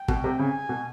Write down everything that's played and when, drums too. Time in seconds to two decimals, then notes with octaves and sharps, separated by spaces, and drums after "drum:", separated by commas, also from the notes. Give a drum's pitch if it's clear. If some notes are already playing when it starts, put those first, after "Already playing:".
Already playing: G5
0.08 B2, drum: kick
0.24 C3
0.39 C#3 G#5
0.69 B2